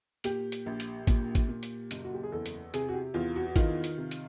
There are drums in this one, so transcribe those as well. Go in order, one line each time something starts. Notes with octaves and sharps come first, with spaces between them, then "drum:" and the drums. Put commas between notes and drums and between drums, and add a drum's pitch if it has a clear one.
A#2 G4, drum: hi-hat
drum: hi-hat
A#1
drum: hi-hat
A#2, drum: kick G#1, hi-hat
drum: kick G#1, hi-hat
A#2
drum: hi-hat
F#1, drum: hi-hat
F#4
G4
G#4
E2 A4
drum: hi-hat
C3 G#4, drum: hi-hat
F#4
G4
E2 F4
F#4
F#4
D#3 F4, drum: kick G#1, hi-hat
drum: hi-hat
C3
drum: hi-hat